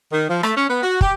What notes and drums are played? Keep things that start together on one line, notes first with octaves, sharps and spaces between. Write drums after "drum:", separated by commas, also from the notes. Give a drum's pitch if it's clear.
D#3
F3
A3, drum: rim click
C#4
B3
F#4
G4, drum: kick